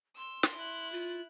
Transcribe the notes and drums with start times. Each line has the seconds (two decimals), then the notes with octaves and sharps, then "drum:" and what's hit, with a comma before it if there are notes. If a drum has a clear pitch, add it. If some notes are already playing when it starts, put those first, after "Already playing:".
0.16 C6 E6
0.43 drum: snare
0.55 E4 F#6
0.92 F4